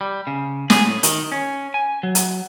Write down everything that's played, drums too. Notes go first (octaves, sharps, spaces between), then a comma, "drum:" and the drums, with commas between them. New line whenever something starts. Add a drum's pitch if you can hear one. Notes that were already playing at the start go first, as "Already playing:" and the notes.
G3
C#3
G#4, drum: snare
A2
D#3, drum: hi-hat
C#4
G#5
F#3
drum: hi-hat